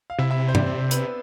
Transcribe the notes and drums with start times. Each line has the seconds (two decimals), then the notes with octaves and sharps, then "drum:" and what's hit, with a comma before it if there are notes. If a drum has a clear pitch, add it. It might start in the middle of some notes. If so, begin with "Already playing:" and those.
0.10 F5
0.19 C3 E4 E5
0.30 E4 E5
0.48 C5
0.55 D4 D5, drum: tom G2
0.67 C4 C5
0.91 B3 B4, drum: hi-hat